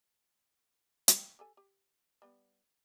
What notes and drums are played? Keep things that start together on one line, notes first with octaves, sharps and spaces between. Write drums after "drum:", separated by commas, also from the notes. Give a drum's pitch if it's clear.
G5, drum: hi-hat
G4 A4 G#5
G4
G3 B3